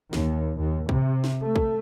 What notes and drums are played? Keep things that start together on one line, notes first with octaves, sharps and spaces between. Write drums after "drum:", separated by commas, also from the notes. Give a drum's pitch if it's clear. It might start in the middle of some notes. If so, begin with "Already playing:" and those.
D#2, drum: snare
D#2
C3, drum: kick
drum: snare
A3
drum: kick